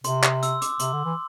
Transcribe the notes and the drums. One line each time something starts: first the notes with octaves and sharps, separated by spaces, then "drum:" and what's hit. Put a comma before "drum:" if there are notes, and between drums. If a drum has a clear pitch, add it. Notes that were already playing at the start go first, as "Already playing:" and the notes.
C3 C6, drum: hi-hat
drum: clap
E6, drum: hi-hat
D6, drum: hi-hat
C3 C6, drum: hi-hat
D3
E3